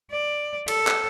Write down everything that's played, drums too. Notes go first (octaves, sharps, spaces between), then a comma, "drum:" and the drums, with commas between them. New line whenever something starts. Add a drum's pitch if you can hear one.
D5
A4, drum: cymbal
drum: clap